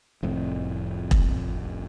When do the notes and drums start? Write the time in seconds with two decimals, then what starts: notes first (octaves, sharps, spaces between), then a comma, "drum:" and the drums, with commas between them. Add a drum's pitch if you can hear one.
0.23 F1 F2 A2
1.11 drum: kick E1